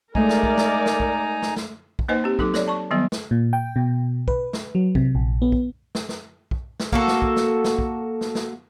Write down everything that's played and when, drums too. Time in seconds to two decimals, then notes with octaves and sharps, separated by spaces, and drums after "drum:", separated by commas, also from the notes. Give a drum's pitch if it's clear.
0.15 G#3 A3 D#4 A#4 D5 G#5 A#5, drum: kick
0.29 drum: snare
0.43 drum: kick
0.57 drum: snare
0.86 drum: snare
1.00 drum: kick
1.42 drum: snare
1.56 drum: snare
1.99 drum: kick
2.08 A#3 D#4 B4 C5 D#5 G#5
2.24 C4 G4
2.39 F#3 D#4 A4 D6, drum: kick
2.54 A4 C#5 D5, drum: snare
2.66 D5 A5 C#6
2.91 D#3 F#3 G3 B3
3.12 drum: snare
3.31 A#2
3.53 G5
3.76 B2
4.28 B4, drum: kick
4.53 drum: snare
4.75 F#3
4.95 C3, drum: kick
5.15 A#1
5.42 B3
5.52 drum: kick
5.95 drum: snare
6.09 drum: snare
6.51 drum: kick
6.80 drum: snare
6.92 A#3 F#4 A4, drum: kick
7.08 drum: snare
7.22 drum: kick
7.36 drum: snare
7.64 drum: snare
7.79 drum: kick
8.21 drum: snare
8.35 drum: snare